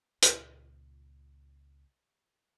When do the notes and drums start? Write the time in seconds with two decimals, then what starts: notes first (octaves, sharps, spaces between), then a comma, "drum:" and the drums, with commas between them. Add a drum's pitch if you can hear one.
0.22 C#2 A#2, drum: hi-hat